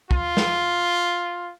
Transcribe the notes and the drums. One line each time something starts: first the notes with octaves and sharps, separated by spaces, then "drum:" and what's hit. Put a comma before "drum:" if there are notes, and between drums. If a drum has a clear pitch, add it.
F4, drum: kick
drum: snare